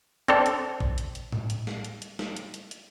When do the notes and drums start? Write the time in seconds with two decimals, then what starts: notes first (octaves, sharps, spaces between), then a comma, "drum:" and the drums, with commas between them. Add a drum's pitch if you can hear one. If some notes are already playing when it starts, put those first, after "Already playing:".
0.28 C4 D4 A4 C5, drum: hi-hat
0.46 drum: hi-hat
0.80 drum: kick A1
0.98 drum: hi-hat
1.15 drum: hi-hat
1.32 drum: tom A2
1.50 drum: hi-hat
1.67 drum: snare
1.84 drum: hi-hat
2.02 drum: hi-hat
2.19 drum: snare
2.37 drum: hi-hat
2.54 drum: hi-hat
2.71 drum: hi-hat